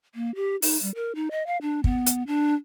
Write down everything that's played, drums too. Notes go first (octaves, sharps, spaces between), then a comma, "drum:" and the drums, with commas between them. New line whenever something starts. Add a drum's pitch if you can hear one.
A#3
G4
D#4, drum: open hi-hat
G3
A#4
D#4
D#5
F5
D4
B3, drum: kick
drum: hi-hat
D4